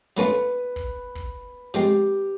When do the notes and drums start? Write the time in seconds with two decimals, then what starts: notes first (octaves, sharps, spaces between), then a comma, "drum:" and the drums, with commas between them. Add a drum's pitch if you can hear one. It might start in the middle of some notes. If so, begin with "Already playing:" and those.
0.17 F#3 A3 C#4 F4 B4, drum: hi-hat
0.37 drum: hi-hat
0.56 drum: hi-hat
0.76 drum: kick, hi-hat
0.96 drum: hi-hat
1.15 drum: kick, hi-hat
1.35 drum: hi-hat
1.55 drum: hi-hat
1.74 F3 G#3 C4 G4, drum: hi-hat
1.94 drum: hi-hat
2.14 drum: hi-hat